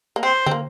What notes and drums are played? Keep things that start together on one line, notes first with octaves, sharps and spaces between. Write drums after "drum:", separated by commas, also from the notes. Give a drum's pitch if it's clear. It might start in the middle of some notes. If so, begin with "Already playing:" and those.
A#3
C4 C5
C4, drum: tom
A#3